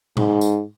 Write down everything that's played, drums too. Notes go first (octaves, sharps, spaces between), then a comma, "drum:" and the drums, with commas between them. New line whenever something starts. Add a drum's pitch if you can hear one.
G#2, drum: tom A2
drum: tambourine